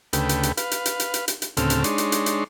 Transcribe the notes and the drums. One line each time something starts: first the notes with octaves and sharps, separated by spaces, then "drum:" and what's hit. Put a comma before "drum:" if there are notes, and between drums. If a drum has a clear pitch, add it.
D2 C#3 A3 B4 G5, drum: hi-hat
drum: hi-hat
drum: hi-hat
B4 F5, drum: hi-hat
drum: hi-hat
drum: hi-hat
drum: hi-hat
drum: hi-hat
drum: hi-hat
drum: hi-hat
D2 A2 C#3 C4 A4 F6, drum: hi-hat
drum: hi-hat
G#3 D4 D#4 C#5 C6, drum: hi-hat
drum: hi-hat
drum: hi-hat
drum: hi-hat